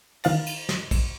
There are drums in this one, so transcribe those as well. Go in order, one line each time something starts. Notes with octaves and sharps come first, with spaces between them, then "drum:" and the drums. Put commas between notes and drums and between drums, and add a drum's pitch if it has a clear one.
D#3 F5 A6, drum: cymbal
drum: cymbal
drum: snare
drum: kick, cymbal